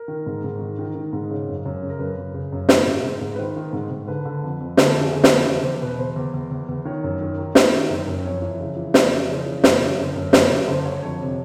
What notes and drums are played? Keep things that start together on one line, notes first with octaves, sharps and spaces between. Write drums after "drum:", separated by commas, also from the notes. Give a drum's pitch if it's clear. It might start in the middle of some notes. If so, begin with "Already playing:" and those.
Already playing: A#4
D#3
G#2
G#2
D#3
D#3
D#3
G#2
C#3
F#2
F#2
C#3
A#4
F#2 B4
F#2
C#3
F#2
D#3, drum: snare
G#2
G#2
G#2
B4
D#3 C5
D#3
G#2
G#2
D3 B4
D3
F2
F2
D3 A4, drum: snare
F2
G#4
D3
B4, drum: snare
F2
E2 C5
E2 C5
B2 B4
E2 C5
E2
E2
E2
E2
D#3 C#5
F#2
D#3
D#3
D#3, drum: snare
D#3
F#2
F#2
F2 C#5
E3
C#3
E3
F2 D5, drum: snare
E3
C#3
E3
F#2, drum: snare
F#2
D3
F#2
F#2 C#5, drum: snare
F#2 B4
D3 C5
D3 C#5
F2 C#5
C3